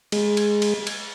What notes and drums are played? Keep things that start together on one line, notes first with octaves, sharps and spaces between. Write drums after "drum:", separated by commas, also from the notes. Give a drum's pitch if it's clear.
G#3, drum: cymbal
drum: cymbal
drum: cymbal
drum: cymbal